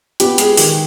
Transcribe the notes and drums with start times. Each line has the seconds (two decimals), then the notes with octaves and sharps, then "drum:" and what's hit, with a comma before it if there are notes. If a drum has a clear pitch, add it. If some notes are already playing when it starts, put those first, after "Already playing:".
0.20 B3 G4, drum: hi-hat
0.38 G#3 G#4, drum: hi-hat
0.57 D#3 G4, drum: open hi-hat